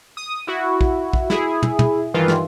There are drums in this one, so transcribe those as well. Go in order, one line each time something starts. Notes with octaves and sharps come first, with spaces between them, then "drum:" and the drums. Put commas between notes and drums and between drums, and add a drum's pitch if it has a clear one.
D#6
E4 F#4
drum: kick A#1
drum: kick A#1
E4 G#4, drum: snare
drum: tom
drum: tom
G2 D#3 E3 F4
drum: snare